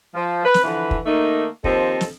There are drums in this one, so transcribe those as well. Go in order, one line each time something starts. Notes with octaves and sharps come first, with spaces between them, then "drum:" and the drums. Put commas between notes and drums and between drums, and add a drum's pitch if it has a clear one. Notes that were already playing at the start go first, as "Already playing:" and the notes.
F3
B4
drum: snare
D3 E3 F3 B4
drum: kick
D#3 A3 A#3 D#4
D#2 F3 C4 A4 D#5, drum: kick
drum: snare